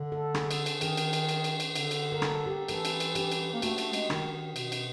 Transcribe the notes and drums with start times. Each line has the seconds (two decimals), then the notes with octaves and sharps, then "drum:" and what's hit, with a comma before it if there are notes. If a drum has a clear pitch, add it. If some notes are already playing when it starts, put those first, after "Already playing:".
Already playing: D3
0.12 A4
0.34 G#4, drum: rim click
0.51 drum: cymbal
0.66 drum: cymbal
0.81 D#3 G#4, drum: cymbal
0.97 drum: cymbal
1.13 drum: cymbal
1.29 drum: cymbal
1.44 drum: cymbal
1.60 drum: cymbal
1.75 D3, drum: cymbal
1.91 drum: cymbal
2.12 A#4
2.22 A4, drum: rim click
2.46 G4
2.68 E3 A4, drum: cymbal
2.85 drum: cymbal
3.00 drum: cymbal
3.15 G4, drum: cymbal
3.32 drum: cymbal
3.54 A#3
3.62 A3 F#4, drum: cymbal
3.78 A3, drum: cymbal
3.93 G#3, drum: cymbal
4.10 D#3, drum: rim click
4.34 D#3
4.56 B2, drum: cymbal
4.72 drum: cymbal